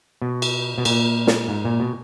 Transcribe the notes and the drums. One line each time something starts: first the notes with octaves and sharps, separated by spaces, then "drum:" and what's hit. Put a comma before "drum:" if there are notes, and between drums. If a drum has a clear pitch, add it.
B2
drum: cymbal
B2
A#2, drum: cymbal
drum: snare
G#2
A#2
B2